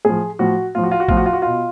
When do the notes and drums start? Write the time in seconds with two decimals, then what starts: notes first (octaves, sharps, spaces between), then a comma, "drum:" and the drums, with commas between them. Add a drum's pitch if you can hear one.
0.05 A2 F3 G#4
0.39 A2 F3 F#4
0.75 A2 F3 F4
0.84 F#4
0.91 F4
1.00 F#4
1.08 A2 F3 F4, drum: kick A1
1.17 F#4
1.26 F4
1.33 F#4
1.42 B2 F4